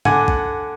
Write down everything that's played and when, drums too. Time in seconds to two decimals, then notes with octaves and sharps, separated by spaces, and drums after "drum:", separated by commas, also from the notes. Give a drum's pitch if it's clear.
0.05 D3 F#5 G#5, drum: tom G#2
0.28 drum: kick